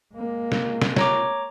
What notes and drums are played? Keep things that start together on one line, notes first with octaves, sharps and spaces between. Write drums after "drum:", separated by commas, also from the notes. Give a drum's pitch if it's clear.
G#3 A#3
drum: snare
drum: snare
C#5 A#5 D6, drum: snare